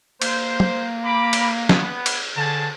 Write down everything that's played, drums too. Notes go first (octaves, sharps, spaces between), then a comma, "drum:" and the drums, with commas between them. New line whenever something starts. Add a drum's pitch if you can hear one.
A#3 C5, drum: cymbal
drum: tom
B5 D6
drum: cymbal
B3, drum: snare
drum: cymbal
D3 C#4 G#4 A5